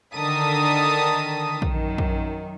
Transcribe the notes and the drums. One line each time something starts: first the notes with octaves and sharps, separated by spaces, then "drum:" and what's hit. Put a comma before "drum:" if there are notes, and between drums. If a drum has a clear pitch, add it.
D3 D#3 A#4 A5 D#6 B6
F#2 D#3, drum: kick
drum: kick